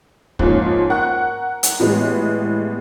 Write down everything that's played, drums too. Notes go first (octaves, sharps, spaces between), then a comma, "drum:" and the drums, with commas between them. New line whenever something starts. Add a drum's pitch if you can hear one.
G#2 F3 A#3 C#4 C6, drum: kick
A#4 F#5 C#6 F#6
drum: hi-hat
A2 E3 G3 G#3 B3